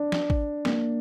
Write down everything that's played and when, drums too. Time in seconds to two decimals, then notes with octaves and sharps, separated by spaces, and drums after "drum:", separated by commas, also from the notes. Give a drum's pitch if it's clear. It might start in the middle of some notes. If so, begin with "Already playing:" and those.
Already playing: D4
0.12 drum: snare
0.30 drum: kick
0.65 A#3, drum: snare